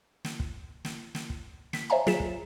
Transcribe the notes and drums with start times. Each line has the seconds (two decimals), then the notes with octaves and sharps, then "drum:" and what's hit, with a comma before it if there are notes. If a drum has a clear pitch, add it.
0.25 drum: snare
0.40 drum: kick
0.85 drum: snare
1.15 drum: snare
1.30 drum: kick
1.73 B6, drum: snare
1.90 C5 C#5 E5 F5 G#5 A#5
2.07 F#3 F4 G#4 B6 E7, drum: snare
2.20 drum: kick